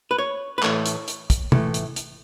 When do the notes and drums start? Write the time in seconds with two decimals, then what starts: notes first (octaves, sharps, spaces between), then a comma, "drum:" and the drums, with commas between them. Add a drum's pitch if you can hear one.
0.11 B4
0.18 C#5
0.58 B4
0.63 A2 E3 A3 C#5, drum: clap
0.86 drum: hi-hat
1.08 drum: hi-hat
1.30 drum: kick, hi-hat
1.52 A2 E3 A3, drum: tom
1.74 drum: hi-hat
1.96 drum: hi-hat